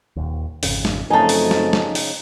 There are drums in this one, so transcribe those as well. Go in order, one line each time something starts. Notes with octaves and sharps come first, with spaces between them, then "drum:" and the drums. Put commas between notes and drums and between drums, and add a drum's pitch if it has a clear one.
D#1 D#2
G#1 F2 C#3, drum: open hi-hat
drum: snare
F#2 C#3 F3 A3 C4 D#4 G#5 A5
drum: open hi-hat
drum: snare
drum: snare
drum: open hi-hat